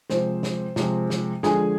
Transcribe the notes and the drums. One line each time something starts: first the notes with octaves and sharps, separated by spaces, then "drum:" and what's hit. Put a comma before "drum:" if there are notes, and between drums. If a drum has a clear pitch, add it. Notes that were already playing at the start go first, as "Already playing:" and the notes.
C3 F3 G#3 C5, drum: snare
drum: snare
C3 F3 G#3, drum: snare
drum: snare
D3 F3 G#3 G#4 G#5, drum: snare